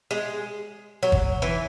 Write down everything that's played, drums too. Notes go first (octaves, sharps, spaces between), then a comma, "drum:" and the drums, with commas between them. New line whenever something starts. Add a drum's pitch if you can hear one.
G#3
F#3
drum: kick
E3